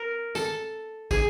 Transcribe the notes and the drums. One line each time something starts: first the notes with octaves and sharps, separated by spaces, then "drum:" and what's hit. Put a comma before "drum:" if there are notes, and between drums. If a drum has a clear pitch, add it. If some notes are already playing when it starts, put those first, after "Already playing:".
Already playing: A#4
A4, drum: tambourine
G#4, drum: kick, tambourine